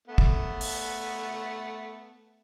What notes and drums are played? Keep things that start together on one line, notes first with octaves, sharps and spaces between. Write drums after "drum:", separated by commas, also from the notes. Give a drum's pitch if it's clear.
A3 B3
drum: kick
drum: open hi-hat